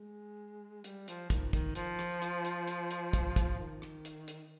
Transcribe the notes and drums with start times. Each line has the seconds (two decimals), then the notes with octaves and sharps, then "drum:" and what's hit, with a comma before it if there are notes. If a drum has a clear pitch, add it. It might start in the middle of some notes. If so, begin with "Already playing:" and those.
Already playing: G#3
0.84 G3, drum: hi-hat
1.08 F3, drum: hi-hat
1.30 D#3, drum: kick, hi-hat
1.53 D#3, drum: kick, hi-hat
1.75 F3, drum: hi-hat
1.99 drum: rim click
2.22 drum: hi-hat
2.45 drum: hi-hat
2.68 drum: hi-hat
2.90 drum: hi-hat
3.13 drum: kick, hi-hat
3.36 drum: kick, hi-hat
3.59 D#3
3.82 drum: rim click
4.05 drum: hi-hat
4.28 drum: hi-hat